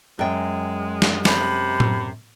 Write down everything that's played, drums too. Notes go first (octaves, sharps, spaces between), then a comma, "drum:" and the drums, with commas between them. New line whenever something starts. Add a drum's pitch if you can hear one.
F#2 G#3 G5
drum: snare
C3 B5, drum: snare
drum: tom A2